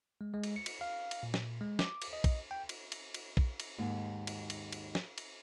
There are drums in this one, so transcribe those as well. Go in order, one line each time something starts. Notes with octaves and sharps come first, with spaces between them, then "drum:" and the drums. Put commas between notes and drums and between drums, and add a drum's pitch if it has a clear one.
G#3
G#3
drum: cymbal
C#7
drum: cymbal
F5
drum: cymbal
A#2
drum: snare
G#3
D6, drum: snare
drum: cymbal
D#5
drum: kick A#1, cymbal
G5
drum: cymbal
drum: cymbal
drum: cymbal
drum: kick A#1
drum: cymbal
D#2 G#2 D#5
drum: cymbal
drum: cymbal
drum: cymbal
drum: snare
drum: cymbal